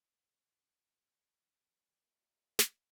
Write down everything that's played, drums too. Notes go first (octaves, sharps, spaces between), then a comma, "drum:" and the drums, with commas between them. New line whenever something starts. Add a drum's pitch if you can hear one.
F3 G3 C4
A#2 G4 A#4 E5
drum: snare